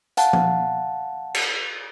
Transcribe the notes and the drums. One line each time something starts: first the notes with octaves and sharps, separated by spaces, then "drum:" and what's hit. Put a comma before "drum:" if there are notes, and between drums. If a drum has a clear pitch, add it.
F5 F#5 A5, drum: hi-hat
drum: tom F3
drum: cymbal